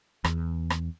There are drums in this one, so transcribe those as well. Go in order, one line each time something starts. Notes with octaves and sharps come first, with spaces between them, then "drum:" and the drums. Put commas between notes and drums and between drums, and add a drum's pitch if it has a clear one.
E2, drum: rim click
drum: rim click